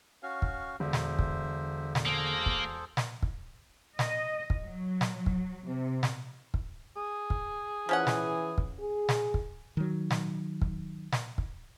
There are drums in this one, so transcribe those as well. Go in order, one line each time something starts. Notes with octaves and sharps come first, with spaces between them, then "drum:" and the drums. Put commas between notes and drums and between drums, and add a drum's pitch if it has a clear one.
C#4 F#4 F5
drum: kick
E1 D3 C5 E5
drum: snare
drum: kick
drum: snare
A#3 G#4 A4 C5
drum: kick
drum: snare
drum: kick
D#5, drum: snare
drum: kick
F#3
drum: snare
drum: kick
C3
drum: snare
drum: kick
G#4
drum: kick
E3 F3 C#4 F#5
drum: snare
drum: kick
G#4
drum: snare
drum: kick
D#3 F#3
drum: snare
drum: kick
drum: snare
drum: kick